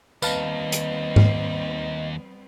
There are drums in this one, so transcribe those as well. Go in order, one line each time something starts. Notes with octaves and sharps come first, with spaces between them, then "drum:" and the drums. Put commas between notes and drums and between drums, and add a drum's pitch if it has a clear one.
D#2 G3 B3 C4 B4 D#5 F5 A5, drum: tambourine
drum: hi-hat
drum: tom G#2